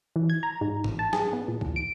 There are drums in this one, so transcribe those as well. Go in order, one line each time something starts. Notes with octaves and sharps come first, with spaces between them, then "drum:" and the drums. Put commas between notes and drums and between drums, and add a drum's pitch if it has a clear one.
E3
G#6
A#5
G#2
A1, drum: tom G#2
A5
G#4, drum: snare
B3
A#2
E2, drum: kick C2
D7